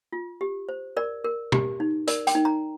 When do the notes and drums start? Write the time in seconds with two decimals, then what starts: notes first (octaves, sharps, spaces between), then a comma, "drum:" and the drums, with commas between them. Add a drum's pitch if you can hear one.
0.13 F4
0.41 G4
0.69 C5
0.97 A#4 D5
1.24 A#4
1.52 G4, drum: tom
1.80 D#4
2.07 A#4 D5, drum: hi-hat
2.27 G5, drum: hi-hat
2.35 D#4
2.45 A#5